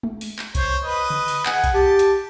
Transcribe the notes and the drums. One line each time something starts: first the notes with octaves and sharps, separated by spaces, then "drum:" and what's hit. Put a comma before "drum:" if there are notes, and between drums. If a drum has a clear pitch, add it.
drum: tom G#3
drum: open hi-hat
drum: clap
C5 C#5, drum: kick C2, hi-hat
B4 D#5
drum: tom C#3
drum: open hi-hat
G#4 F#5, drum: clap
drum: kick C2, hi-hat
G4 A5
drum: hi-hat